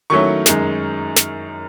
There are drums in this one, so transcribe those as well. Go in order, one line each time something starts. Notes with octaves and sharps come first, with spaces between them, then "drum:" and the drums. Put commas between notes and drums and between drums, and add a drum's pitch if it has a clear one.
D#3 F#3 A3 C#4 E4 C#6
F#2 D#3 G#3 D#4, drum: snare
drum: snare